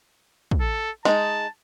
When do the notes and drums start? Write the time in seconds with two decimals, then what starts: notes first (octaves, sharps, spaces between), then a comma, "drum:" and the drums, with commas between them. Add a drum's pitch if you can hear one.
0.51 drum: kick
0.61 A4
1.05 G#3 D#4 A5, drum: snare